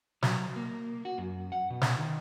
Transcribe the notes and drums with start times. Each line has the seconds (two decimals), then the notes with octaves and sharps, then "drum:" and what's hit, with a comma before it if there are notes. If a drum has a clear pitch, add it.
0.22 F#3, drum: snare
0.56 A#3
1.05 F#4
1.18 F#2
1.52 F#5
1.70 B2
1.81 drum: snare
1.98 D#3